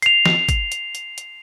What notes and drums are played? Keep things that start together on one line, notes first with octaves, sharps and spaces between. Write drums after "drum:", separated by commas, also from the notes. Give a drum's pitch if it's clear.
C7 F7, drum: hi-hat
drum: snare
drum: kick, hi-hat
drum: hi-hat
drum: hi-hat
drum: hi-hat